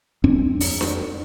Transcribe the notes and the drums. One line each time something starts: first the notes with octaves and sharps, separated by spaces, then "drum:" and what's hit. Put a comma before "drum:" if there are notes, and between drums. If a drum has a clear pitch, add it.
F2 C4 D4
drum: open hi-hat
drum: snare D4